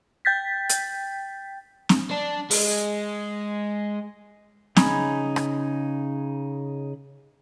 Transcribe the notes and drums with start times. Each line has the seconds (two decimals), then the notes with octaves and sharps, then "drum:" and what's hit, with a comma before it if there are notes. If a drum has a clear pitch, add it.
0.25 G5 G6 A6 B6
0.70 drum: hi-hat
1.89 drum: snare C4
2.11 D4
2.51 G#3, drum: open hi-hat
4.76 C#3 D#4 G#5 B5 D#6, drum: snare C4
5.36 drum: rim click